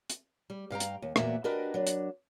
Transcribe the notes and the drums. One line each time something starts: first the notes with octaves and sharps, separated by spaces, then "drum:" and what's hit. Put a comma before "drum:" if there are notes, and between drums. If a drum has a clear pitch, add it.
drum: hi-hat
G3
G2 F5 G5 A#5
drum: hi-hat
D#2
E2 A#2 A#3 B3 F#4 E5, drum: rim click
D4 F#4 G4 A#4 B4 D#5
F#3 D4
drum: hi-hat